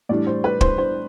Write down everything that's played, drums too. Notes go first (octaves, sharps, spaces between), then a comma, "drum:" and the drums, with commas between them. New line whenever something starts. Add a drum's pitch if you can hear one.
A2 E3 G3 D4 D5
C5
B4
C5, drum: kick
C5